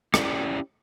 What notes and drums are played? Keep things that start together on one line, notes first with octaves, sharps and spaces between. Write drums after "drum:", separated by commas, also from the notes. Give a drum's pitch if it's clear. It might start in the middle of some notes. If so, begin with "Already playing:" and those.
C#4 E4 G4 D5, drum: rim click